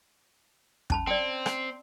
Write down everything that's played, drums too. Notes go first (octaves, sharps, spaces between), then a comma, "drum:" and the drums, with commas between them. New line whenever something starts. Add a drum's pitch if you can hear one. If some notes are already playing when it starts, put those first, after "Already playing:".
C#4 A5 B5, drum: kick
C4 D5 G5
drum: rim click